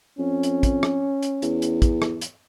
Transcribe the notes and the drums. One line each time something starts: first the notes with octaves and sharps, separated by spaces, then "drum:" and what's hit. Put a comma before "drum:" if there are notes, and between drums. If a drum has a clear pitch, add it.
F2 C#4
drum: hi-hat
drum: kick, hi-hat
drum: rim click
drum: hi-hat
E2, drum: hi-hat
drum: hi-hat
drum: kick, hi-hat
drum: rim click
drum: hi-hat